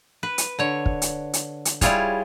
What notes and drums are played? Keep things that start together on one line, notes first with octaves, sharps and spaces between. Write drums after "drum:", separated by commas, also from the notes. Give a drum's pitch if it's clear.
B4
drum: hi-hat
D3 C#5
drum: kick
drum: hi-hat
drum: hi-hat
drum: hi-hat
G3 E4 F4 G#4 C#5, drum: kick, hi-hat